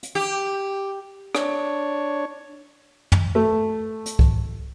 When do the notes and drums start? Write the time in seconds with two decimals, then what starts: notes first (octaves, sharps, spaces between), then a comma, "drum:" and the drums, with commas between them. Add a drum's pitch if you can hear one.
0.03 drum: hi-hat
0.15 G4
1.35 D4 C#5, drum: rim click
3.12 drum: tom
3.35 A3
4.06 drum: hi-hat
4.19 drum: kick C2